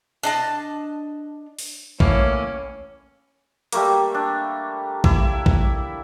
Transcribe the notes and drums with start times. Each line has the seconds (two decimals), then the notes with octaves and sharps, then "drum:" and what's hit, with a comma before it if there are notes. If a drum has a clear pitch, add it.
0.23 D4 D#5 A5
1.59 drum: open hi-hat
2.00 A2 E3 A#3 C#4, drum: kick A#1
3.72 G3 A3 A#3, drum: hi-hat
4.14 D4
5.04 E4, drum: kick A#1
5.46 drum: kick A#1